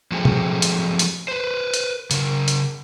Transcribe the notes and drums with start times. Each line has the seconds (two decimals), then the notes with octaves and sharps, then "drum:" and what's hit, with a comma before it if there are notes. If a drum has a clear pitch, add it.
0.12 F3 F#3 A3 C4 G4 G#4
0.25 drum: tom B2
0.62 drum: hi-hat
0.99 drum: hi-hat
1.28 B4 C5
1.74 drum: hi-hat
2.11 C#3 A#4, drum: hi-hat
2.48 drum: hi-hat